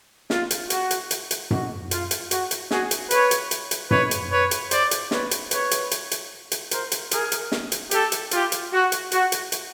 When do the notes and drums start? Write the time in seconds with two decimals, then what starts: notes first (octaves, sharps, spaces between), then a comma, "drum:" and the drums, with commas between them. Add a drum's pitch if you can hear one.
0.30 F4, drum: snare
0.51 drum: hi-hat
0.70 F#4, drum: hi-hat
0.91 drum: hi-hat
1.11 drum: hi-hat
1.31 drum: hi-hat
1.51 F#4, drum: tom F#2
1.91 F4, drum: hi-hat
2.11 drum: hi-hat
2.31 F#4, drum: hi-hat
2.51 drum: hi-hat
2.71 F#4 G#4, drum: snare
2.91 drum: hi-hat
3.11 B4 C#5, drum: hi-hat
3.31 drum: hi-hat
3.51 drum: hi-hat
3.71 drum: hi-hat
3.91 B4 C#5, drum: tom F#2
4.11 drum: hi-hat
4.31 B4 C#5
4.51 drum: hi-hat
4.71 C5 D5, drum: hi-hat
4.91 drum: hi-hat
5.11 B4 C#5, drum: snare
5.31 drum: hi-hat
5.51 B4 C#5, drum: hi-hat
5.71 drum: hi-hat
5.91 drum: hi-hat
6.11 drum: hi-hat
6.52 drum: hi-hat
6.71 A#4 C5, drum: hi-hat
6.92 drum: hi-hat
7.11 G#4 A#4, drum: hi-hat
7.32 drum: hi-hat
7.52 drum: snare
7.72 drum: hi-hat
7.91 G4 A4, drum: hi-hat
8.12 drum: hi-hat
8.31 F4 G4, drum: hi-hat
8.52 drum: hi-hat
8.72 F#4
8.92 drum: hi-hat
9.12 F#4, drum: hi-hat
9.32 drum: hi-hat
9.52 drum: hi-hat